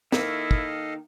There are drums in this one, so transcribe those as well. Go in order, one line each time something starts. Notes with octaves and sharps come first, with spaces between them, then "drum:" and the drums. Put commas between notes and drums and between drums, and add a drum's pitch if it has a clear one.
D#3 A#3 E4 A4 D#5 F5, drum: snare
drum: kick